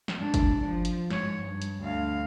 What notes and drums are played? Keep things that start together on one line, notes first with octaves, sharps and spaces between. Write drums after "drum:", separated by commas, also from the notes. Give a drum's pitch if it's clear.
drum: snare
G#2 D4
drum: kick G1, hi-hat
F3
drum: hi-hat
G#2 C#5, drum: snare
G2
drum: hi-hat
D2 F5